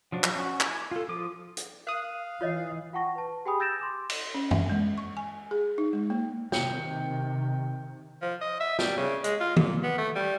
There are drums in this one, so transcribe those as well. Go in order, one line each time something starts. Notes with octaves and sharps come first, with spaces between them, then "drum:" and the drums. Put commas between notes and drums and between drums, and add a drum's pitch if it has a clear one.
F3 F#3 D4
drum: clap
C#4 F#4
E4 G#5 D6, drum: clap
F4 A4
F3 F4 D6 D#6
drum: hi-hat
A#4 F5 D#6 F#6
E3 F4 C#5 D#5
F4 F#5 G5 A5 C#6 A#6
B4 A5
G4 G#4 G5 G#5 B5 D#6
E6 G6 A6 A#6 D7 E7
C6 D6 E7
drum: cymbal
C#4
E5, drum: tom F#2
G#3
C#6
G#5
G#4
D#4
G#3
A#3
C3 D#3 G5 C#7, drum: snare
F3
D#5
E5
G3, drum: snare
C#3
G#3, drum: hi-hat
F4
A#2, drum: tom D#3
B3
A3
G3